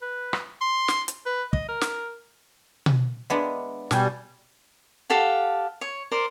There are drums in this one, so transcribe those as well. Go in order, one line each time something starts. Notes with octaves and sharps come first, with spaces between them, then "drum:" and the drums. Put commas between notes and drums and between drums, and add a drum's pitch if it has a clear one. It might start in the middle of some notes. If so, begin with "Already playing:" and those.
B4
drum: rim click
C6
drum: snare
drum: hi-hat
B4
D#5, drum: kick
A#4
drum: snare
drum: tom B2
G#3 B3 D4 B4 D5 E5
B2 G3 G#5 G6, drum: snare
G4 A4 F5 F#5
C#5
A#4 C5 D5